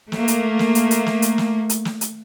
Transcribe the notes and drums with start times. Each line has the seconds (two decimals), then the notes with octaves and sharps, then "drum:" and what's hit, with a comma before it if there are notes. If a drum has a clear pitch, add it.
0.12 A3 A#3, drum: snare
0.28 drum: hi-hat
0.59 drum: snare
0.75 drum: hi-hat
0.91 drum: hi-hat
1.06 drum: snare
1.22 drum: hi-hat
1.38 drum: snare
1.69 drum: hi-hat
1.85 drum: snare
2.01 drum: hi-hat